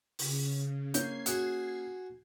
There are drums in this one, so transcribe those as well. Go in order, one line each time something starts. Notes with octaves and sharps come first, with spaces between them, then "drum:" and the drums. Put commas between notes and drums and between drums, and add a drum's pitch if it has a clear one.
C#3, drum: open hi-hat
A#3 C#4 G6 G#6 C7, drum: hi-hat
F#4 G#4, drum: hi-hat